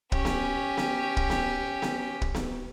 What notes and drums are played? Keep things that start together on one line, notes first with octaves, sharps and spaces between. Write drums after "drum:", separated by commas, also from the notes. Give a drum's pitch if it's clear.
C#4 G4, drum: kick
drum: snare B3
drum: snare B3
drum: kick
drum: snare B3
drum: snare B3
drum: kick
drum: snare B3